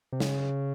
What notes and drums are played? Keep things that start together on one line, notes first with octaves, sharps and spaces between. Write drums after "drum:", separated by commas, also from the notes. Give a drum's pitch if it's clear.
C3
C#3, drum: snare